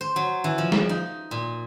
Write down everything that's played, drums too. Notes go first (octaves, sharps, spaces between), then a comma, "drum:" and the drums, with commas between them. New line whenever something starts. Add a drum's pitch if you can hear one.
C5
F#3
E3
F3
drum: snare
D#4
A#2